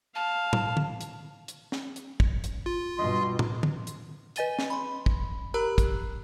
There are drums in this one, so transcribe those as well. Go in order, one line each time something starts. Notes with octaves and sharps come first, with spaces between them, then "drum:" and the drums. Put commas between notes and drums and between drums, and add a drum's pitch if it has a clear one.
F5 A5
drum: tom
drum: tom
drum: hi-hat
drum: hi-hat
drum: snare
drum: hi-hat
drum: kick
drum: hi-hat
F4
G2 B2 D#5 C6
drum: tom
drum: tom
drum: hi-hat
B4 D#5 G#5 A6 D#7 G7, drum: hi-hat
drum: snare
B5 C6
drum: kick
G4 A#4 A#5 B5 E6 F#6
drum: kick, hi-hat